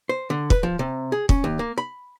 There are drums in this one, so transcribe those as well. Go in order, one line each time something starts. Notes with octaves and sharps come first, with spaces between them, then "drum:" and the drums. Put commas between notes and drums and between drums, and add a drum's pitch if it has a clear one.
C5
D3
B4, drum: kick
F3
C3
G#4
C#4, drum: kick
D#2
A#3
B5